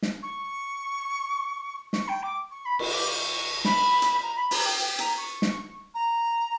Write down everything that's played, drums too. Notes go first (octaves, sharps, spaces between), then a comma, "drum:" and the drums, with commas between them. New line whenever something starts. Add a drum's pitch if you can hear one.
drum: snare
C#6
C#6, drum: snare
G5
D6
C#6
B5
C#6, drum: cymbal
D6
C#6
B5, drum: snare
drum: hi-hat
A#5
B5
A#5, drum: open hi-hat
G5
G5
A#5, drum: hi-hat
C#6
drum: snare
A#5